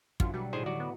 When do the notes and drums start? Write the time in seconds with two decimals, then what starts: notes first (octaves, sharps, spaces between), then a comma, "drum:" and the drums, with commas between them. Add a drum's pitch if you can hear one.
0.20 F#2 D3 E3 F#3 F4, drum: kick
0.34 B2 F#3 G3 A4 B4
0.53 A2 D#3 G#4 C5 D#5 G#5
0.66 D3 F#3 F#4 D5
0.80 B3